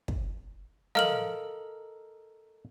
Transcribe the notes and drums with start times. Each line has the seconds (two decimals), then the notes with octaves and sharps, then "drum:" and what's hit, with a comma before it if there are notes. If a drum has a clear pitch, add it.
0.08 drum: kick
0.95 A4 A#4 D#5 F5 F6 F#7, drum: tom F3